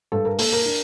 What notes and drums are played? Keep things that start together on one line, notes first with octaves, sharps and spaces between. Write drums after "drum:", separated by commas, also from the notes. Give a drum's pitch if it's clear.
G2 A4
A#4
A#3 A4, drum: open hi-hat
A#4
D4